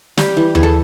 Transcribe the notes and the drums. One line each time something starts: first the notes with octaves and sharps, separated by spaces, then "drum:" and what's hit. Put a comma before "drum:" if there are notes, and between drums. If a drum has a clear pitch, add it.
G3 G4, drum: snare
E3
E3 G#4, drum: tom D#2
A4